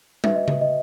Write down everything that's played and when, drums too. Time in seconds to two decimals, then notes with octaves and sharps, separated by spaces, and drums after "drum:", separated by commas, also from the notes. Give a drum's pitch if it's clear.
0.24 F#4 B4 E5, drum: tom G3
0.36 D#5
0.48 drum: tom C#3
0.61 D#5